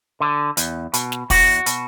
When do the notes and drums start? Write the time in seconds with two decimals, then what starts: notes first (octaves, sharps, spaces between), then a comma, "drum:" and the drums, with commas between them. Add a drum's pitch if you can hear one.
0.20 D3
0.57 E2, drum: hi-hat
0.94 B2, drum: hi-hat
1.12 drum: snare
1.30 E2 F#4, drum: kick, open hi-hat
1.66 B2, drum: hi-hat